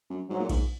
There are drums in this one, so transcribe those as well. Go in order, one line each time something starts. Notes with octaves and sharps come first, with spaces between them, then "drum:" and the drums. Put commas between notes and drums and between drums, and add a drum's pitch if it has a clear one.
F#2
G#2 F#3
A#2
G#2, drum: kick A#1, cymbal